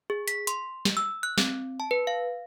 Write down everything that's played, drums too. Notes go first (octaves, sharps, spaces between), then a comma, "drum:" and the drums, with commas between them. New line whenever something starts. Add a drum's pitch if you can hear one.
G#4
B6, drum: hi-hat
C6, drum: hi-hat
drum: snare
E6
F#6
C4, drum: snare
A5
B4
F5